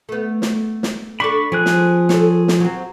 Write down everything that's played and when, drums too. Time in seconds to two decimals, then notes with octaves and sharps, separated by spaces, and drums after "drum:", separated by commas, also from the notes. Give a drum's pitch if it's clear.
0.09 A3 B3
0.42 drum: snare
0.83 drum: snare
1.20 D4 A4 B5 C#6
1.52 F3 C4 G#4 F#6
1.66 drum: snare
2.09 A4 C#5, drum: snare
2.48 drum: snare
2.60 F#3 C4